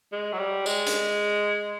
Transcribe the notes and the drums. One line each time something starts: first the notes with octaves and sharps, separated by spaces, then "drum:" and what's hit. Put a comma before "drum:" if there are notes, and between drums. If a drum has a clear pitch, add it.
G#3
F#3
G3
G#3, drum: tambourine
drum: hi-hat